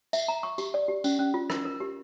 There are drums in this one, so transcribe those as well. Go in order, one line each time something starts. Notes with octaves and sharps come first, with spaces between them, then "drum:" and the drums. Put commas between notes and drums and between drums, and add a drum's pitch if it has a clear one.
E5, drum: tambourine
A#5
C#6
G4, drum: tambourine
D5
G4
C#4, drum: tambourine
C#4
F4
A#4, drum: rim click
A#4
G4